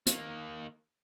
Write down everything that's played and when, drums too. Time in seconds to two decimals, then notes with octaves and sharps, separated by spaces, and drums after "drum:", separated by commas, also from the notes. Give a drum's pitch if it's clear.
0.06 D#3 A#3, drum: hi-hat